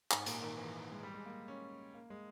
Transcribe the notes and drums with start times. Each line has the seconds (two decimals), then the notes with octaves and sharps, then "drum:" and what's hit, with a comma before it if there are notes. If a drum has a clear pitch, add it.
0.11 G#2, drum: clap
0.26 A#2, drum: hi-hat
0.42 D#3
0.57 E3
0.92 G#3
1.03 G3
1.14 G#3
1.25 A#3
1.48 C#4
1.94 A#3
2.10 G#3